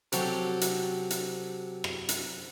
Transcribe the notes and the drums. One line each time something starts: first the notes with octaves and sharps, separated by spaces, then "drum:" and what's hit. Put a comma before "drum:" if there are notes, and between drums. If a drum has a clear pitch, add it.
C3 F#3 G4 A4, drum: hi-hat
drum: hi-hat
drum: hi-hat
drum: rim click
drum: hi-hat